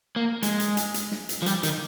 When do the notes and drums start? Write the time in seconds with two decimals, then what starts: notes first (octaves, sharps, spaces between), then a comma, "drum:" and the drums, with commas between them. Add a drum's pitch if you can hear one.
0.16 A#3
0.43 G#3, drum: hi-hat
0.60 drum: hi-hat
0.77 drum: hi-hat
0.94 drum: hi-hat
1.12 drum: snare
1.29 drum: hi-hat
1.42 F3
1.46 G3, drum: hi-hat
1.63 D#3, drum: hi-hat